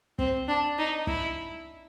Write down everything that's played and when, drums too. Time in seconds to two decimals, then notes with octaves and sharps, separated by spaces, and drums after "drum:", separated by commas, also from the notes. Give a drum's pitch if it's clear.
0.19 C4, drum: kick
0.48 D4
0.78 D#4
1.07 E4, drum: kick